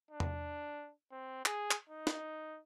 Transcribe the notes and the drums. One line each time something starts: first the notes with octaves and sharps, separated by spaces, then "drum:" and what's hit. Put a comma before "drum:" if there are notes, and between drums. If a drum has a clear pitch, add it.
D4
drum: tom E2
C4
G#4, drum: clap
drum: clap
D#4
drum: snare